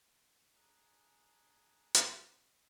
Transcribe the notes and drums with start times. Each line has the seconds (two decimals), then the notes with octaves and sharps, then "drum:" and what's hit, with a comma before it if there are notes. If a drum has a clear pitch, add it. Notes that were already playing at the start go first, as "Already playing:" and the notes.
0.55 D4 G#4 G#5 A#5
1.95 drum: hi-hat